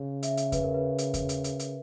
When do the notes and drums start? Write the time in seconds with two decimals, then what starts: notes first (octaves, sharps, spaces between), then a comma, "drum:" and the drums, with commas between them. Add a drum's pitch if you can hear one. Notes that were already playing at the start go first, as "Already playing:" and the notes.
Already playing: C#3
0.23 E5, drum: hi-hat
0.37 drum: hi-hat
0.52 B4, drum: kick E2, hi-hat
0.63 A#4
0.74 B4
0.98 drum: hi-hat
1.14 drum: kick E2, hi-hat
1.29 drum: hi-hat
1.44 drum: hi-hat
1.59 drum: hi-hat